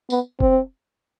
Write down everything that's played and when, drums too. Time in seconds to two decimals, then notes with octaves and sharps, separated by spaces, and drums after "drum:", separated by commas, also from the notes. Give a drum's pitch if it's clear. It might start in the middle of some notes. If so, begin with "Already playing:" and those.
0.10 B3, drum: tambourine
0.40 C4, drum: kick F1